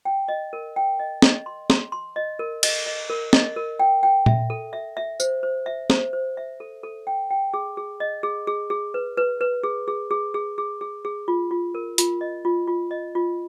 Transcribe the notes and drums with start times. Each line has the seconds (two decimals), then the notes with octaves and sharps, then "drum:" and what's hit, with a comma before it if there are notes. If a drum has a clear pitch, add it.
0.05 G5
0.28 D#5
0.53 A#4
0.76 G5
0.99 D#5
1.22 D#5, drum: snare
1.46 C6
1.70 C6, drum: snare
1.92 C6
2.16 D#5
2.39 A#4
2.63 D#5, drum: cymbal
2.86 D#5
3.10 A#4
3.33 D#5, drum: snare
3.56 A#4
3.80 G5
4.03 G5
4.26 E5, drum: tom A#2
4.50 A4
4.73 E5
4.97 E5
5.20 C5, drum: tambourine
5.43 C5
5.66 E5
5.90 C5, drum: snare
6.13 C5
6.37 E5
6.60 A4
6.83 A4
7.07 G5
7.31 G5
7.54 G#4
7.77 G#4
8.00 D#5
8.23 G#4
8.47 G#4
8.70 G#4
8.94 B4
9.17 B4
9.41 B4
9.63 G#4
9.88 G#4
10.11 G#4
10.34 G#4
10.58 G#4
10.81 G#4
11.05 G#4
11.28 F4
11.51 F4
11.75 A#4
11.98 F4, drum: hi-hat
12.21 D#5
12.45 F4
12.68 F4
12.91 D#5
13.15 F4